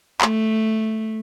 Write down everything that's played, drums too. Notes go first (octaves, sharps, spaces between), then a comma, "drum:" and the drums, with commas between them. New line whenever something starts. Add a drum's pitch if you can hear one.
A3, drum: clap